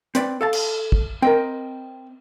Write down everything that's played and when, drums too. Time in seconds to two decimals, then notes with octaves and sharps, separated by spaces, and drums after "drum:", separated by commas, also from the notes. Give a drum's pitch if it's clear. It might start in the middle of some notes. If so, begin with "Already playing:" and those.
0.15 C4 B4 D5, drum: hi-hat
0.41 A4 F5 A5
0.53 drum: cymbal
0.92 drum: kick
1.22 C4 A#4 D#5 G5